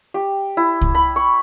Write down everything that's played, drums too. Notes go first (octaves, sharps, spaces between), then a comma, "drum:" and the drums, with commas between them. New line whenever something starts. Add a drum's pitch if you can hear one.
G4
E4
drum: kick C2
B5
C#6